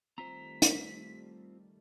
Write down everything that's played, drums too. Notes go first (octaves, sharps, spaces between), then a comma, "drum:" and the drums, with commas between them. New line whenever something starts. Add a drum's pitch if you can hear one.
D#3 G3 A3 C4 F4 C5 A#5 B6
drum: hi-hat